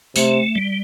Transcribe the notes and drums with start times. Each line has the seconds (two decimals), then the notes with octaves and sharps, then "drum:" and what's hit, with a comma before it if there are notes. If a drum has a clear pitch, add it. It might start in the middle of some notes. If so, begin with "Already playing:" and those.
0.16 C3 A3, drum: tambourine
0.56 G3